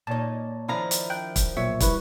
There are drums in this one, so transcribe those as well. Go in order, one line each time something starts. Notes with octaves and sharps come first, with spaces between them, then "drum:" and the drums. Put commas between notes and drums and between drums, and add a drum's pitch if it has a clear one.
A#2 D#4 C#5 A5
D#3 F3 D4 E4 F5 A#5
drum: hi-hat
G5 F#6 G6
drum: kick, hi-hat
B1 A#2 C#5 E5
G3 E4 B4 C#6, drum: kick, hi-hat